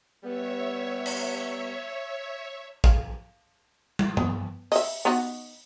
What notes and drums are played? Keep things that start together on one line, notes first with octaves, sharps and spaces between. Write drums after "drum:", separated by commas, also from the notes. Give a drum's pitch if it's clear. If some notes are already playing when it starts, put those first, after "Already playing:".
G3 B3 C#5 E5
drum: cymbal
F5, drum: kick
drum: tom
B3, drum: tom G2
D#5 E5, drum: open hi-hat
B3 D#4 F#4